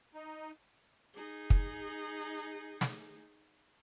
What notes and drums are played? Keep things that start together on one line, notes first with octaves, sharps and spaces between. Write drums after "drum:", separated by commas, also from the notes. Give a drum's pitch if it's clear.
D#4
D#4 G#4
drum: kick
drum: snare